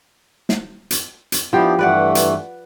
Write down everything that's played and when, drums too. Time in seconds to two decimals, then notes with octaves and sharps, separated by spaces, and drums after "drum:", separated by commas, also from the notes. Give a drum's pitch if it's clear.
0.49 drum: snare
0.91 drum: hi-hat
1.32 drum: hi-hat
1.53 F3 B3 D4 E4 G4
1.79 G2 E3 A3 B4 D5 F#5
2.15 drum: hi-hat